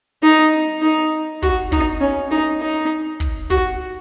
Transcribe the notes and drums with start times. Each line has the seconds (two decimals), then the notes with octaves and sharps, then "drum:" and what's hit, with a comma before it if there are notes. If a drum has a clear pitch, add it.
0.23 D#4
0.53 drum: snare
0.82 D#4
1.12 drum: hi-hat
1.42 F#4, drum: kick
1.72 D#4, drum: kick, hi-hat
2.01 C#4
2.31 D#4, drum: snare
2.61 D#4
2.90 drum: hi-hat
3.20 drum: kick
3.50 F#4, drum: kick, hi-hat